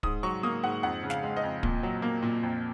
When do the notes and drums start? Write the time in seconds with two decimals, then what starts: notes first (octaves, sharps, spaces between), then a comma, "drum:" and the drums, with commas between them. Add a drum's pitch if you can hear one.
0.03 G#2 D#6, drum: kick
0.23 F#3 C#6
0.43 A#3 D#6
0.63 G#2 F#5
0.83 F2 F#5
1.03 C#3
1.10 F5, drum: snare
1.23 G#3
1.36 D#5
1.44 F2
1.63 A#2, drum: kick
1.83 F#3
2.02 A#3
2.23 A#2
2.43 F2